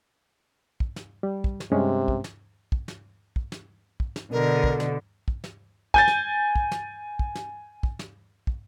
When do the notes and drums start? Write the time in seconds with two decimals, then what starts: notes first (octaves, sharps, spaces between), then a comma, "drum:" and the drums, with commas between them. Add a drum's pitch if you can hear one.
0.80 drum: kick
0.96 drum: snare
1.23 G3
1.44 drum: kick
1.60 drum: snare
1.72 G2 C3 G#3 C#4
2.08 drum: kick
2.24 drum: snare
2.72 drum: kick
2.88 drum: snare
3.36 drum: kick
3.52 drum: snare
4.00 drum: kick
4.16 drum: snare
4.32 B2 D3 A#4
4.64 drum: kick
4.80 drum: snare
5.28 drum: kick
5.44 drum: snare
5.94 G#5 G6 A6, drum: kick
6.08 drum: snare
6.56 drum: kick
6.72 drum: snare
7.19 drum: kick
7.35 drum: snare
7.83 drum: kick
7.99 drum: snare
8.47 drum: kick